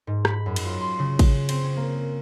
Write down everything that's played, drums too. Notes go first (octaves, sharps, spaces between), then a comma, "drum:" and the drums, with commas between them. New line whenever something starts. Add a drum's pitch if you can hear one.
G#2
B5, drum: rim click
F#2
drum: cymbal
F4
C6
C#3
drum: kick, cymbal
C4, drum: cymbal
C#4
A#3